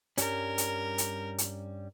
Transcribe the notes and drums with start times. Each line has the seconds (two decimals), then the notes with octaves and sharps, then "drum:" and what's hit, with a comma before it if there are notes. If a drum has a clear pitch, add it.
0.18 G2 G3 C#4 A#4, drum: hi-hat
0.58 drum: hi-hat
0.98 drum: hi-hat
1.38 drum: hi-hat